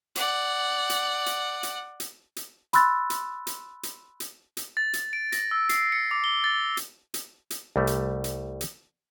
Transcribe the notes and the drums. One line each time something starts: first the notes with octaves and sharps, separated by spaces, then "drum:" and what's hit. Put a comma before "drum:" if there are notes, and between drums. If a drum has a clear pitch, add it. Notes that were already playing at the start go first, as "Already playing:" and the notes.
D5 F#5, drum: hi-hat
drum: hi-hat
drum: hi-hat
drum: hi-hat
drum: hi-hat
drum: hi-hat
B5 C6 E6 F#6 A6, drum: hi-hat
drum: hi-hat
drum: hi-hat
drum: hi-hat
drum: hi-hat
drum: hi-hat
A6
drum: hi-hat
D7
A#6, drum: hi-hat
E6
C7, drum: hi-hat
C#7
D6
G7
A6
drum: hi-hat
drum: hi-hat
drum: hi-hat
C2 G3 A3
drum: hi-hat
drum: hi-hat
drum: hi-hat